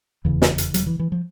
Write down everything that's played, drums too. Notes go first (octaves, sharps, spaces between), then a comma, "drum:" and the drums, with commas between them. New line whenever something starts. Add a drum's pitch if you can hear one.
F1 E2 C#3 E3
drum: snare
drum: hi-hat
F#3, drum: hi-hat
E3
E3
F3